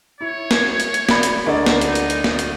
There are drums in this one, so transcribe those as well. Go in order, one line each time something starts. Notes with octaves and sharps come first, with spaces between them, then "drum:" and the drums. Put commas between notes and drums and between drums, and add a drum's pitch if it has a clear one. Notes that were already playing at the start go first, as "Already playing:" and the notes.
E4 C#5
drum: snare
drum: hi-hat
drum: hi-hat
D5 B5, drum: snare
drum: hi-hat
D2 E4 G#4 A#4 D5 D#5 F#5
drum: snare
D#4, drum: hi-hat
drum: hi-hat
drum: hi-hat
drum: snare
drum: hi-hat